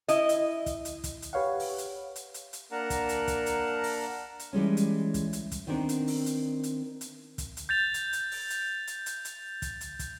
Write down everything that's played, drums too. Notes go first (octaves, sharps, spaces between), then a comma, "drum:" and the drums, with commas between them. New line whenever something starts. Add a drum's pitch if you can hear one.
E4 D#5, drum: hi-hat
drum: hi-hat
drum: kick, hi-hat
drum: hi-hat
drum: kick, hi-hat
drum: hi-hat
G4 B4 C#5 F5 F#5
drum: open hi-hat
drum: hi-hat
drum: hi-hat
drum: hi-hat
drum: hi-hat
A#3 D4 A#4 F#5 A5 A#5
drum: kick, hi-hat
drum: hi-hat
drum: kick, hi-hat
drum: hi-hat
drum: open hi-hat
drum: hi-hat
E3 G3 G#3 C#4
drum: hi-hat
drum: kick, hi-hat
drum: hi-hat
drum: kick, hi-hat
D#3 B3 C4 D4 A#4
drum: hi-hat
drum: open hi-hat
drum: hi-hat
drum: hi-hat
drum: hi-hat
drum: kick, hi-hat
drum: hi-hat
G6 A6 F7
drum: hi-hat
drum: hi-hat
drum: open hi-hat
drum: hi-hat
drum: hi-hat
drum: hi-hat
drum: hi-hat
drum: kick, hi-hat
drum: hi-hat
drum: kick, hi-hat